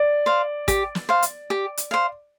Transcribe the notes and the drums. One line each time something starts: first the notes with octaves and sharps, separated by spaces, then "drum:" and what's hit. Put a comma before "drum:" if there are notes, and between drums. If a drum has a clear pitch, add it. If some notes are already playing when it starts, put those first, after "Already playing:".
Already playing: D5
C5 F5
G4, drum: kick, hi-hat
drum: snare
C5 F5
drum: hi-hat
G4
drum: hi-hat
C5 F5